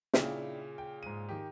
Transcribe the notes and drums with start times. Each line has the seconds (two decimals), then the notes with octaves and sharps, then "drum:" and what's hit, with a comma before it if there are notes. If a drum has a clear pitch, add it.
0.14 A#2 C#3 D4 E4 G5, drum: snare
0.78 G5
1.03 G#2 D#7
1.29 D#3 G4